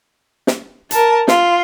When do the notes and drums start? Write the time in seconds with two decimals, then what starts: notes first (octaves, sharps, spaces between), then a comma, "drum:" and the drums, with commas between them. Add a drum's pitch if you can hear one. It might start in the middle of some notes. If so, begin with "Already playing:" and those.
0.47 drum: snare
0.91 A#4 A5, drum: hi-hat
1.28 F4, drum: snare